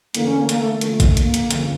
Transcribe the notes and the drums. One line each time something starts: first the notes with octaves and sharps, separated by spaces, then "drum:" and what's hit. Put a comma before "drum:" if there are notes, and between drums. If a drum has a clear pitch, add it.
E2 D3 A3 A#3 D4 A4, drum: hi-hat
C#4
A#3
A#3, drum: hi-hat
A3
D3 F3 A3 A#3, drum: hi-hat
drum: kick A1, hi-hat
A#3, drum: hi-hat
drum: hi-hat
G1 F2 C#3, drum: hi-hat